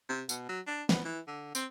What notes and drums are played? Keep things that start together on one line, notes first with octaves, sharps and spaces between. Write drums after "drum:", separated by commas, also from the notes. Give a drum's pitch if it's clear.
C3
B2, drum: tambourine
F#3
D4
B3, drum: snare
E3
D3
C4, drum: tambourine